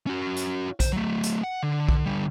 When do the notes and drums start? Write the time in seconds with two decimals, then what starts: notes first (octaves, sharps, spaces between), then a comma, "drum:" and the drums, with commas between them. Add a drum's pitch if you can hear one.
0.07 C#4 F#4
0.36 drum: hi-hat
0.80 C5, drum: kick B1, hi-hat
0.93 F#3 A3
1.23 drum: hi-hat
1.44 F#5
1.63 D3
1.89 drum: kick B1
2.06 D3 G3